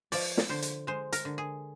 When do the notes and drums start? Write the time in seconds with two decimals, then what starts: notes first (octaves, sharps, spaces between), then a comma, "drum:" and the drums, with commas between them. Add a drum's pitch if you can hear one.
0.12 F3 D5, drum: open hi-hat
0.37 drum: snare
0.49 D3 C5
0.62 drum: hi-hat
0.87 G#3 C5
1.13 A#4, drum: hi-hat
1.25 D3
1.38 G#4